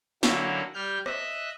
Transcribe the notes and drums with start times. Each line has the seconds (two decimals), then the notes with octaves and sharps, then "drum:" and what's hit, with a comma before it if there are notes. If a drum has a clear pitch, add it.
0.23 D3 F#3 A#3 C#4 E4, drum: snare
0.74 G3 F6 G6
1.06 D#5 E5 F#6, drum: rim click